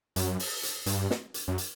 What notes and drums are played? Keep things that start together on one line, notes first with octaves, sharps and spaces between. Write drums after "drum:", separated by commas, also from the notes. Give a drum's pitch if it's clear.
F#2, drum: hi-hat
drum: open hi-hat
drum: hi-hat
G2, drum: hi-hat
drum: snare
drum: hi-hat
F#2
drum: hi-hat